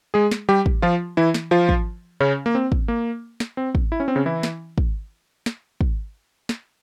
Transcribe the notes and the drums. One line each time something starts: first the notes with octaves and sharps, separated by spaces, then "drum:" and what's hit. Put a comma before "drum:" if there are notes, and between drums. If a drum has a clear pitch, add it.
G#3 G#4
drum: snare
G3 G4
drum: kick
F3 F4
E3 E4
drum: snare
F3 F4
drum: kick
C#3 C#4
A#3
C4
drum: kick
A#3
drum: snare
C4
drum: kick
E4
C#4
C4
C#3 C#4
E3 E4
drum: snare
drum: kick
drum: snare
drum: kick
drum: snare